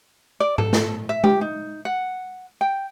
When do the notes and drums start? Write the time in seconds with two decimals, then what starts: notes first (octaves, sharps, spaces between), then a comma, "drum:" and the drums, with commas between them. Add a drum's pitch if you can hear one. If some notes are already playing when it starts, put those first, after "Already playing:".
0.40 D5
0.58 A4, drum: tom G#2
0.73 drum: snare
1.09 E5
1.24 G4, drum: tom G#3
1.41 D#4
1.85 F#5
2.61 G5